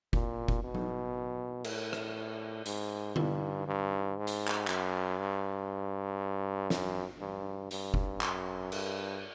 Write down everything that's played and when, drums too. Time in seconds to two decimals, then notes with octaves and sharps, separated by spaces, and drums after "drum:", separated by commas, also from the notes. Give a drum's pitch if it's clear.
0.13 A#2, drum: kick F1
0.48 drum: kick F1
0.64 B2
0.75 drum: tom F#3
1.64 A2, drum: cymbal
1.93 drum: rim click
2.66 G#2, drum: hi-hat
3.16 G2, drum: tom
3.67 G2
4.17 G#2
4.27 drum: hi-hat
4.48 drum: clap
4.68 F#2, drum: clap
5.19 G2
6.70 F#2, drum: snare
7.21 G2
7.71 G2, drum: hi-hat
7.94 drum: kick F1
8.21 F#2, drum: clap
8.72 G2, drum: cymbal